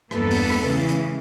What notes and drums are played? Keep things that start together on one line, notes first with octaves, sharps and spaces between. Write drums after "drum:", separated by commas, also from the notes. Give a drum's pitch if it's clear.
E2 G2 A#3 B3 A4 B4, drum: rim click
drum: open hi-hat
drum: rim click
C#3 E3 G#3
drum: hi-hat